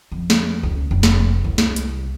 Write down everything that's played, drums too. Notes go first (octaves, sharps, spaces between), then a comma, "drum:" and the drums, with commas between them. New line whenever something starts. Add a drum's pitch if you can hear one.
F2
drum: snare
C#2
F1
drum: snare
C2
drum: snare
drum: hi-hat